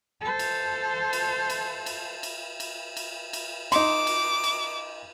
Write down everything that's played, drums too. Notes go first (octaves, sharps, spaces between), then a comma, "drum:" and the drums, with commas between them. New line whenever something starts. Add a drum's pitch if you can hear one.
A4 C5
drum: cymbal
drum: cymbal
drum: cymbal
drum: cymbal
drum: cymbal
drum: cymbal
drum: cymbal
drum: cymbal
D#4 C6 D6, drum: cymbal
drum: cymbal
drum: cymbal